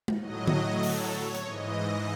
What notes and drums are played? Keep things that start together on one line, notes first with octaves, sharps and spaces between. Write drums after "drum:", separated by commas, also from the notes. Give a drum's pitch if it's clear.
drum: tom G#3
A2 F#3 D#5
drum: tom D3
A4, drum: open hi-hat
C#5
drum: hi-hat
G#2 E3 D#5